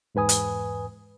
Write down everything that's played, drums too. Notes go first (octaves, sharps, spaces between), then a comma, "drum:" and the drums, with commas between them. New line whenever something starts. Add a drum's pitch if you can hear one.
E2 G#2 B4 G#5 D#6
drum: hi-hat